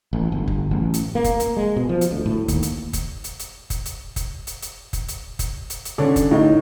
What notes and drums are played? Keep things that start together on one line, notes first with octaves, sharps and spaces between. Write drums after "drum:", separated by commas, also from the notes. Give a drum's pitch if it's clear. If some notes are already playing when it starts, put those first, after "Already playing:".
A1
G1
drum: kick
A1
drum: hi-hat
A#3
drum: kick, hi-hat
drum: hi-hat
G#3
B2
F3
drum: hi-hat
D2
A2
D#2, drum: kick, hi-hat
drum: hi-hat
drum: kick, hi-hat
drum: hi-hat
drum: hi-hat
drum: kick, hi-hat
drum: hi-hat
drum: kick, hi-hat
drum: hi-hat
drum: hi-hat
drum: kick, hi-hat
drum: hi-hat
drum: kick, hi-hat
drum: hi-hat
drum: hi-hat
D3 C#4 D4
drum: kick, hi-hat
A2 D#4